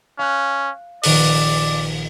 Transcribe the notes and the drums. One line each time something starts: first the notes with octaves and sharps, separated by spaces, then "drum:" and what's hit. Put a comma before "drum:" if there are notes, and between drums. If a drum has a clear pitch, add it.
C#4 F5 F#6
A#1 D#3 D5 F#6, drum: open hi-hat